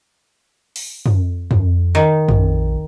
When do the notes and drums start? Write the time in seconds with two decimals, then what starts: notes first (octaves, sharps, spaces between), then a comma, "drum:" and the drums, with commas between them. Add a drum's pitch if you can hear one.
0.76 drum: open hi-hat
1.06 drum: tom
1.51 F2, drum: tom
1.95 D#3
2.29 A#1, drum: tom